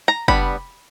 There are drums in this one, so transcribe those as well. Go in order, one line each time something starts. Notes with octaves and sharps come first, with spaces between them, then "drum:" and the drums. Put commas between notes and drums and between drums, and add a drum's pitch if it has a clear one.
A#5
G3 B3 D4 B5, drum: kick